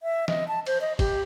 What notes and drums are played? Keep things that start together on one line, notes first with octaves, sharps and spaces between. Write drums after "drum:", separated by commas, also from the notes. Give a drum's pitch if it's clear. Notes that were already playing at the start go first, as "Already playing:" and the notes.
E5
D#5, drum: snare
A5
C5, drum: cymbal
D#5
G4, drum: kick, cymbal